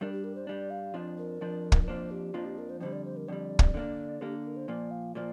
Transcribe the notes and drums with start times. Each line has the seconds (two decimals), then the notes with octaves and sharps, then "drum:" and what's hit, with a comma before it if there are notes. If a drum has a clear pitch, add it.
0.01 G2 G3 D4 A#4
0.12 G4
0.24 A#4
0.35 C5
0.47 G2 G3 D4 D5
0.70 F5
0.94 F2 F3 D4
1.18 A#4
1.41 F2 F3 D4
1.72 drum: kick
1.83 A#4
1.87 F2 F3 A#3 D4 C5
2.11 G4
2.34 F2 F3 A#3 D4 F4
2.45 G4
2.58 A#4
2.70 C5
2.80 F2 D3 G3 C5
2.93 D5
3.05 C5
3.17 A#4
3.28 F2 D3 G3 D5
3.59 drum: kick
3.74 D3 A#3 D4
4.21 D3 A#3 D4 G4
4.45 A#4
4.57 C5
4.68 A#2 F3 A#3 D5
4.91 F5
5.15 A#2 F3 A#3 D5